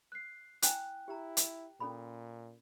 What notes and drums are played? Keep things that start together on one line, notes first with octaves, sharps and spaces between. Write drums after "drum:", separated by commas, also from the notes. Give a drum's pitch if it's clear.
F#6 C7
E4 G5 G#5 F#6, drum: hi-hat
E4 G4 A#5
drum: hi-hat
A#2 C#4 A4 B5